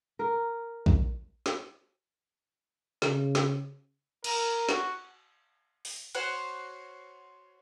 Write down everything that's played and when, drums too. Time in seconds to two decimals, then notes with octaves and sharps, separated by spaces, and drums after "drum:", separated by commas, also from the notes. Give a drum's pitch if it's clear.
0.19 A#4
0.86 drum: kick A#1
1.46 drum: snare
3.02 C#3, drum: snare
3.35 drum: snare
4.24 A#4, drum: cymbal
4.69 F#4, drum: snare
5.85 drum: open hi-hat
6.15 F#4 C5 C#5, drum: cymbal